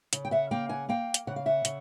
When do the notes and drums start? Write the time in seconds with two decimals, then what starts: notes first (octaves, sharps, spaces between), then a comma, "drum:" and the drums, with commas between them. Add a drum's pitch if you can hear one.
0.13 C#3, drum: hi-hat
0.25 G5
0.31 E5 F#5
0.51 A#3 F5 G5
0.69 F#5 G#5
0.89 A#3 F5 G5
1.14 drum: hi-hat
1.27 C#3 F#5
1.36 F5
1.46 E5 F#5
1.65 C#3, drum: hi-hat